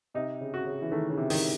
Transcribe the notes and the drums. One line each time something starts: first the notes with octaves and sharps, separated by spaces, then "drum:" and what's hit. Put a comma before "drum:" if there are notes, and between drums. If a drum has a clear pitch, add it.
C3 D#4
C#3
F#4
C#3
E3
D#3 A3
C#3
C3
D#3, drum: open hi-hat